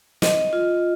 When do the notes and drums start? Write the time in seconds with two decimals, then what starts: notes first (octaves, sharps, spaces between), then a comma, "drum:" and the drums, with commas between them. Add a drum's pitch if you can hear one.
0.22 D#5, drum: snare
0.53 F4